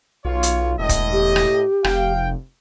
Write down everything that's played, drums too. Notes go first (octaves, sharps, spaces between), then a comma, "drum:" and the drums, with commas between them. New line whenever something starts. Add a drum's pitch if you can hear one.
B1 F4 C#5
drum: hi-hat
E1 A2 D#5
drum: kick, hi-hat
G4
drum: rim click
F1 F5 G5, drum: rim click